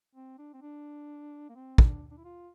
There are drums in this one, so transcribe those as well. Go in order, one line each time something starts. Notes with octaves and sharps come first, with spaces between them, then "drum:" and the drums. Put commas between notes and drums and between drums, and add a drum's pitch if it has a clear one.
C4
D4
C4
D4
A#3
C4
D4, drum: kick
D4
E4
F4